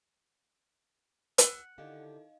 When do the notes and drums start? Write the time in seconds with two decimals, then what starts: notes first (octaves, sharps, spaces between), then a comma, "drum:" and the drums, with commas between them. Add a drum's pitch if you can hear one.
1.38 F#5, drum: hi-hat
1.78 D3 D#3 D#4 E4 G4 A4 D#5 F5